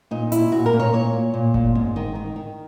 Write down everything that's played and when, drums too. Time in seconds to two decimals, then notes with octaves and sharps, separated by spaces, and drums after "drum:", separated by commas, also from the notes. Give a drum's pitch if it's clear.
0.11 A#2 D#4
0.32 A#2 E4, drum: hi-hat
0.52 A#2 F#4
0.66 A#4
0.73 A#2
0.80 C#5
0.94 A#2 C#5
1.13 A#2
1.34 A#2
1.54 A#2, drum: kick F#1
1.75 G#2, drum: tom B3
1.96 D#3
2.15 D#3
2.36 D#3